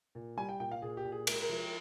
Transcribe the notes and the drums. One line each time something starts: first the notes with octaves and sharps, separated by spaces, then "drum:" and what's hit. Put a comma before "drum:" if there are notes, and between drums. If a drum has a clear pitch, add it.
A#2
G3 G#5
G5
A#2 G5
F5
A#2 G#4
G4
A#2
G#4
G#3 A#4, drum: cymbal
A#4
F3
A#4